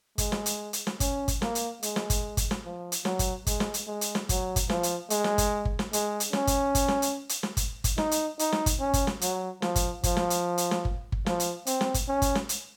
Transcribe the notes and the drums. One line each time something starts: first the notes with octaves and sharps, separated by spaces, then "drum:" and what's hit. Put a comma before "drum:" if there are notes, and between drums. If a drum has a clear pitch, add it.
G#3, drum: kick G1, hi-hat
drum: snare
drum: hi-hat
drum: hi-hat
drum: snare
C#4, drum: kick G1, hi-hat
drum: kick G1, hi-hat
A#3, drum: snare
drum: hi-hat
G#3, drum: hi-hat
drum: snare
drum: kick G1, hi-hat
drum: kick G1, hi-hat
drum: snare
F3
drum: hi-hat
F#3, drum: snare
drum: kick G1, hi-hat
G#3, drum: kick G1, hi-hat
drum: snare
drum: hi-hat
G#3
drum: hi-hat
drum: snare
F#3, drum: kick G1, hi-hat
drum: kick G1, hi-hat
F3, drum: snare
drum: hi-hat
G#3, drum: hi-hat
drum: snare
drum: kick G1, hi-hat
drum: kick G1
drum: snare
G#3, drum: hi-hat
drum: hi-hat
C#4, drum: snare
drum: kick G1, hi-hat
drum: kick G1, hi-hat
drum: snare
drum: hi-hat
drum: hi-hat
drum: snare
drum: kick G1, hi-hat
drum: kick G1, hi-hat
D#4, drum: snare
drum: hi-hat
D#4, drum: hi-hat
drum: snare
drum: kick G1, hi-hat
C#4
drum: kick G1, hi-hat
drum: snare
F#3, drum: hi-hat
F3, drum: snare
drum: kick G1, hi-hat
F3, drum: kick G1, hi-hat
drum: snare
drum: hi-hat
drum: hi-hat
drum: snare
drum: kick G1
drum: kick G1
F3, drum: snare
drum: hi-hat
C4, drum: hi-hat
drum: snare
drum: kick G1, hi-hat
C#4
drum: kick G1, hi-hat
drum: snare
drum: hi-hat